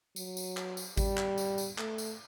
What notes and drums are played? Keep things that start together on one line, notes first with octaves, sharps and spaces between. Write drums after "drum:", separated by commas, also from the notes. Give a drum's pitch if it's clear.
F#3, drum: tambourine
drum: tambourine
drum: clap
drum: tambourine
G3, drum: kick G#1, tambourine
drum: clap
drum: tambourine
drum: tambourine
A3, drum: clap
drum: tambourine